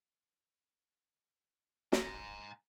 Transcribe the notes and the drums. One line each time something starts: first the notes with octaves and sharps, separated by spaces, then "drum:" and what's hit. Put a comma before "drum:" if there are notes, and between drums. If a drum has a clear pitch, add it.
G#5 A#5, drum: snare